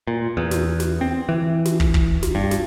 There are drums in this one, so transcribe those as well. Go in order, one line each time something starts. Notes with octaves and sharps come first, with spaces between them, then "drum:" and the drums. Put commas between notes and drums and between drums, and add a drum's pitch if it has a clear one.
A#2
E2
drum: snare
drum: snare
C4
E3
drum: snare
drum: kick
drum: kick
drum: snare
G2
drum: snare